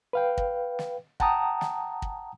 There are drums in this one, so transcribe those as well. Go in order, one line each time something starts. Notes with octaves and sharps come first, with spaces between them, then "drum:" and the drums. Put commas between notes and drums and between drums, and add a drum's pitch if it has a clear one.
B4 F5 G5
drum: kick
drum: snare
F#5 G5 A5 A#5 D#6, drum: kick
drum: snare
drum: kick